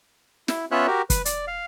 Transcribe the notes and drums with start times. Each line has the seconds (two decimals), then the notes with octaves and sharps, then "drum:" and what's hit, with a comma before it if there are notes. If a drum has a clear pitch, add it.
0.48 E4, drum: snare
0.71 B3 C#4 F4 C#5 E5 F#6
0.87 F#4 G4 A#4
1.10 B4, drum: kick, hi-hat
1.25 D5, drum: hi-hat
1.48 F5